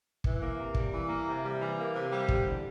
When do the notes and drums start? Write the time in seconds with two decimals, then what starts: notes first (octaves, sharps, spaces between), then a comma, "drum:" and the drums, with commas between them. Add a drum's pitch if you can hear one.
0.24 E3, drum: kick
0.41 A#3
0.58 C3
0.75 G3, drum: kick
0.92 E3
1.09 A#3
1.25 C3
1.42 G3
1.60 E3
1.77 A#3
1.94 C3
2.12 G3
2.28 D3, drum: kick
2.45 E2